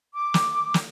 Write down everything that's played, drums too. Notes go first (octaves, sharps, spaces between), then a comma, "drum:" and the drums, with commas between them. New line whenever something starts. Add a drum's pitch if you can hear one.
D6
drum: snare
drum: snare